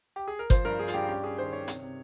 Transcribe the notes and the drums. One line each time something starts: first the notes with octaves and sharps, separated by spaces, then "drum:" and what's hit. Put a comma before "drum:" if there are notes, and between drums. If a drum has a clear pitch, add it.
G4
G#4
A#4
F3 C5, drum: kick G1, hi-hat
G2 A#4
G2 G#4
F4, drum: hi-hat
G2 G4
C#4 G4
C#4 G#4
D#3 C5
D#3 C#5
C3, drum: hi-hat
C3